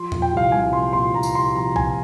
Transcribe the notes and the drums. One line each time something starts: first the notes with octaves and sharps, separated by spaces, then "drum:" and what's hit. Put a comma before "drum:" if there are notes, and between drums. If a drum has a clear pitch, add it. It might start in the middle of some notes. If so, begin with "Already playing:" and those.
Already playing: F3 C6
A#2, drum: tom E2
G5
C2 F5
C2 G#5
F3 C6
A#2 C6
C2 A#5
drum: tambourine
C2 C6
F3 A#5
A#2 G#5, drum: kick A#1